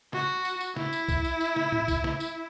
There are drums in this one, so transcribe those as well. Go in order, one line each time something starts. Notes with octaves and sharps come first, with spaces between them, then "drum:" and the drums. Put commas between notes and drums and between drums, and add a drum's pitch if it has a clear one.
F#4, drum: snare
drum: tambourine
drum: tambourine
E4, drum: snare
drum: tambourine
drum: kick, tambourine
drum: tambourine
drum: tambourine
drum: snare
drum: tom A2
drum: kick, tambourine
drum: snare
drum: tambourine